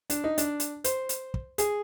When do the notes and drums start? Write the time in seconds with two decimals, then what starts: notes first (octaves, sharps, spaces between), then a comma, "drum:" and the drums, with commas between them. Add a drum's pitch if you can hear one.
0.10 D4, drum: hi-hat
0.24 D#4
0.38 D4, drum: hi-hat
0.60 drum: hi-hat
0.84 C5, drum: hi-hat
1.09 drum: hi-hat
1.34 drum: kick
1.58 G#4, drum: hi-hat